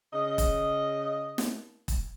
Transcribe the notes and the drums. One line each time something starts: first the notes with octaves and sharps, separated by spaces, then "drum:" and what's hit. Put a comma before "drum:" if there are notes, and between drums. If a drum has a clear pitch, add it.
C#3 D#5
drum: kick E1, hi-hat
drum: snare
drum: kick E1, hi-hat